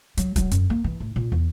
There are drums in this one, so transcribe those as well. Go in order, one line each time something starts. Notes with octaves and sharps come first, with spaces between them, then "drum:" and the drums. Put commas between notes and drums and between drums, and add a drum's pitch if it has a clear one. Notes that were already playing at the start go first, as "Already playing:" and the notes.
F#3, drum: hi-hat
F#3, drum: kick D#1, hi-hat
F#2, drum: hi-hat
A#3
E3
A2
A#2
E2